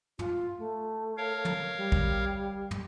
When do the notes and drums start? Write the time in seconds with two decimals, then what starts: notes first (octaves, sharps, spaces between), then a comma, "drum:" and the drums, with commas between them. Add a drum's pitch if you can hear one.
0.19 F4, drum: tom
0.58 A3
1.17 A#4 C#5 F5
1.45 drum: tom
1.76 G3
1.92 drum: kick
2.71 drum: tom